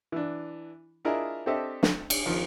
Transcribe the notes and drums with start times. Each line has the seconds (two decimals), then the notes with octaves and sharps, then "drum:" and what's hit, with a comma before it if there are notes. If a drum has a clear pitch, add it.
0.12 E3 D4
1.05 D4 E4 F4 G#4 A#4 D#5
1.46 C4 D4 G4 A4 D#5 E5
1.83 drum: snare
2.10 drum: cymbal
2.26 F2 D#3 F3